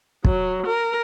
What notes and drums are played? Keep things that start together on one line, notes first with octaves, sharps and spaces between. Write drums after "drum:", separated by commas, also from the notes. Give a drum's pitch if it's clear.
F#3, drum: kick
A#4